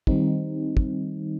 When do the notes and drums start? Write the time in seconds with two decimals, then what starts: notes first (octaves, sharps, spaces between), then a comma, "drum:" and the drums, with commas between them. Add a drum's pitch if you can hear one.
0.07 D#3 G3 C4 D#4, drum: kick
0.77 drum: kick